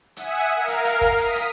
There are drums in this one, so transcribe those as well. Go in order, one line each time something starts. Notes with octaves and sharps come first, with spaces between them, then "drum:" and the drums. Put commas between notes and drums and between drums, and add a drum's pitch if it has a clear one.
E5 F#5 G#5 D#6, drum: hi-hat
A#4 F5
drum: hi-hat
drum: hi-hat
drum: kick, hi-hat
D#6 B6, drum: hi-hat
drum: hi-hat